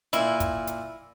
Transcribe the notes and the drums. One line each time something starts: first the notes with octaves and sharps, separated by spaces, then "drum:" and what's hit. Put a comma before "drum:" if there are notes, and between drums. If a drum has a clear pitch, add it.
A#2 E4, drum: hi-hat
drum: kick, hi-hat
drum: hi-hat